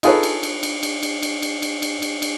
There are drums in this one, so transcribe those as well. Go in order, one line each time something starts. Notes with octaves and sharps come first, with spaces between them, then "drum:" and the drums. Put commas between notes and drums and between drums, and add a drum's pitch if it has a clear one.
D#4 F4 G#4 A4 B4 C#5, drum: cymbal
drum: cymbal
drum: cymbal
drum: cymbal
drum: cymbal
drum: cymbal
drum: cymbal
drum: cymbal
drum: cymbal
drum: cymbal
drum: cymbal
drum: cymbal